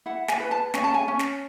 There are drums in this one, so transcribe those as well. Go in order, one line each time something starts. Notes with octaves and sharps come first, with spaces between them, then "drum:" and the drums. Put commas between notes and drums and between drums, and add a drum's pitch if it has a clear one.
E4 F#5
G#5, drum: snare
B4
A5
C#4 G#5, drum: snare
A5
G#5
C#4
drum: snare